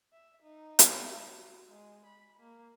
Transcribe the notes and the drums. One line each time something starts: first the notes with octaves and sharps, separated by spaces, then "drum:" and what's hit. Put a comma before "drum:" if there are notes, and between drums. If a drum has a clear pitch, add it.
E5
D#4
drum: hi-hat
A4
F#4
G#3
B5
A#3